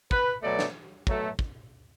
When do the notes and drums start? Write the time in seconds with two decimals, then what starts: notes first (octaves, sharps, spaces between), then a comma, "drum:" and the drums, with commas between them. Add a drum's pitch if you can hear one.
0.11 B4, drum: kick
0.42 B2 F#3 A3 D5
0.59 drum: snare
1.07 B2 F#3 A3, drum: kick
1.39 drum: kick